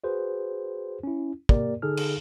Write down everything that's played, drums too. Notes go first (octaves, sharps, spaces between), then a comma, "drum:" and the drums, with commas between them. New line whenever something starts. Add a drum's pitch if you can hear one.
F#4 G#4 B4 C5
C#4 E4
A#3 G4 A#4 D5, drum: kick
D3 D#4 G#4 A4 F6
drum: cymbal